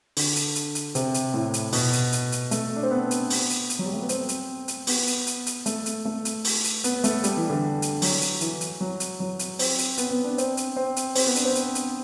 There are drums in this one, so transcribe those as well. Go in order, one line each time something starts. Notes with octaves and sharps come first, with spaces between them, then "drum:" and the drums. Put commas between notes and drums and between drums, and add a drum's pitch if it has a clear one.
D3, drum: open hi-hat
drum: hi-hat
drum: hi-hat
drum: hi-hat
C3, drum: hi-hat
drum: hi-hat
A2
drum: hi-hat
B2, drum: open hi-hat
drum: hi-hat
drum: hi-hat
drum: hi-hat
A3, drum: hi-hat
D4
C4
B3
drum: hi-hat
drum: open hi-hat
drum: hi-hat
drum: hi-hat
F#3
G3
A3
B3
C4, drum: hi-hat
drum: hi-hat
drum: hi-hat
B3, drum: open hi-hat
drum: hi-hat
drum: hi-hat
drum: hi-hat
A3, drum: hi-hat
drum: hi-hat
A3
drum: hi-hat
drum: open hi-hat
drum: hi-hat
B3, drum: hi-hat
A3, drum: hi-hat
G3, drum: hi-hat
E3
D3
drum: hi-hat
F#3, drum: open hi-hat
drum: hi-hat
E3, drum: hi-hat
drum: hi-hat
F#3
drum: hi-hat
F#3
drum: hi-hat
C4, drum: open hi-hat
drum: hi-hat
B3, drum: hi-hat
B3
D4
C4, drum: hi-hat
drum: hi-hat
C4
drum: hi-hat
C4, drum: open hi-hat
B3
D4, drum: hi-hat
C4
drum: hi-hat
drum: hi-hat